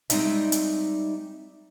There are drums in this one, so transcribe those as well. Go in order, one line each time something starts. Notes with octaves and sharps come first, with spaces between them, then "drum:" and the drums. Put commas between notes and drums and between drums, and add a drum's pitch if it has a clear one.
G3 G#3 C4 D#4 D5 E5, drum: hi-hat
drum: hi-hat